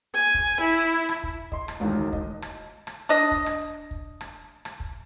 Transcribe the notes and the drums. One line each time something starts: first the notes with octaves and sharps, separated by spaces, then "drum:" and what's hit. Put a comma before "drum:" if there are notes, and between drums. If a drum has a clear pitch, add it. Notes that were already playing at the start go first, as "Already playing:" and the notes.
G#5
drum: kick
E4
drum: rim click
drum: kick
D#5 C6, drum: kick
drum: rim click
E1 C#2 A2 D#3
D#5, drum: kick
drum: rim click
drum: rim click
D4 D#5
drum: kick
drum: rim click
drum: kick
drum: rim click
drum: rim click
drum: kick